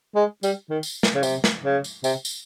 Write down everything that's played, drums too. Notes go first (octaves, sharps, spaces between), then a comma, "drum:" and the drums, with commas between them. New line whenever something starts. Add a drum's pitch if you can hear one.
G#3
G3, drum: tambourine
D#3
drum: tambourine
drum: snare
C#3
C3, drum: tambourine
drum: snare
C#3
drum: tambourine
C3, drum: tambourine
drum: tambourine